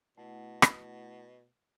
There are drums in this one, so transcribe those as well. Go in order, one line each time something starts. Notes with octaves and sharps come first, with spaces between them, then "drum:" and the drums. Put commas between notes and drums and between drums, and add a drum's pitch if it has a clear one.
B2 A3 E4 F#5
drum: rim click